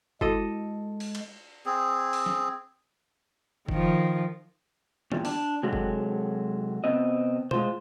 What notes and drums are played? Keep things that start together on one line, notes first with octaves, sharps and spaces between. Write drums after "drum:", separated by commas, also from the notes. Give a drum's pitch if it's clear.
G#3 E4 F#4 A4 D#5, drum: kick F#1
drum: open hi-hat
drum: cymbal
C4 G#4
drum: open hi-hat
drum: snare
D#3 F3, drum: kick F#1
E2 A#2 G3, drum: tom D3
D4, drum: open hi-hat
C3 F#3 G#3 F#4 A4
drum: kick F#1
C3 D#3 B3 C4 D#5
G#3 F4 C5, drum: tom B2